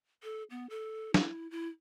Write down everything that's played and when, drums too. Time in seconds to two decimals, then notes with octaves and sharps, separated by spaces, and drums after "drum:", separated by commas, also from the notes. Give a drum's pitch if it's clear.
0.23 A4
0.50 B3
0.70 A4
1.14 E4, drum: snare
1.51 E4